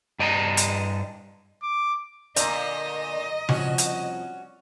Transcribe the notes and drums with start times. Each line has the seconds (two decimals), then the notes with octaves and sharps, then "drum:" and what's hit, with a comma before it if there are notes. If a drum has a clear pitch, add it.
0.19 G2 D5 D#5 G#5 A#5
0.57 drum: hi-hat
1.63 D6
2.36 A#2 D3 D5 D#5 A#5, drum: hi-hat
3.49 C2 F2 F3 C#4 F#4, drum: tom C#3
3.78 drum: hi-hat